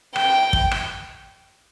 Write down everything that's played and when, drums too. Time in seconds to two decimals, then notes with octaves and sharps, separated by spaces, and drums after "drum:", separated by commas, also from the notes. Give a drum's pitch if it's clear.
0.16 G5, drum: rim click
0.53 drum: kick
0.71 drum: rim click